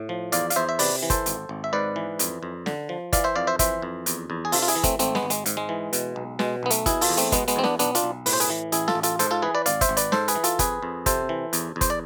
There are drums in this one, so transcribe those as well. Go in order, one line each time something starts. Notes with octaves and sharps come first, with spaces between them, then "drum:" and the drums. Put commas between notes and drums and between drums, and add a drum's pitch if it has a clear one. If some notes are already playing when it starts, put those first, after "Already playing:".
Already playing: A2
F3
E2 D5 F5, drum: hi-hat
F5, drum: hi-hat
E2 C5 E5
E5
C3 B4 D5, drum: open hi-hat
E3
A4 C5, drum: kick G1, hi-hat
G#1, drum: hi-hat
G#1
E5
G#2 B4 D5
E3
F2, drum: hi-hat
F2
D3, drum: snare
F3
E3 D5 F5, drum: kick G1, hi-hat
C5 E5
F2 D5 F5
C5 E5
E3 C5 E5, drum: kick G1, hi-hat
F2
E2, drum: hi-hat
E2
G#4
C3 F4 A4, drum: open hi-hat
F4
E4 G#4, drum: hi-hat
E3
A3 C4, drum: kick G1, hi-hat
G#1 A3 C4, drum: hi-hat
G#3 B3, drum: snare
G#1
G#3, drum: hi-hat
G#2, drum: hi-hat
G#3
E3
B2, drum: hi-hat
B1
B2 G#3, drum: snare
B1 B3
A3, drum: hi-hat
B2 E4 G#4, drum: kick G1, hi-hat
F4 A4, drum: open hi-hat
E2
A3 C4, drum: hi-hat
B2 G#3 B3, drum: kick G1, hi-hat
G#3 B3, drum: hi-hat
E2 C4
B3 D4, drum: snare
B1 B3 D4, drum: hi-hat
D4 F4, drum: hi-hat
B1
A2 B4, drum: open hi-hat
C5
G#4 B4, drum: hi-hat
E3
A1 E4 G#4, drum: hi-hat
F4 A4, drum: snare
A1
F4 A4, drum: hi-hat
G#2 A4 C5, drum: hi-hat
F4 A4
E3 G#4 B4
B4 D5
G#1 D5 F5, drum: hi-hat
C5 E5, drum: kick G1, hi-hat
G#1
B4 D5, drum: hi-hat
G#2 A4 C5, drum: snare
G#4 B4, drum: hi-hat
E3
F4 A4, drum: hi-hat
F2 G#4 B4, drum: kick G1, hi-hat
F2
C3 A4 C5, drum: kick G1, hi-hat
E3
E2, drum: hi-hat
E2
C5, drum: kick G1, hi-hat
D5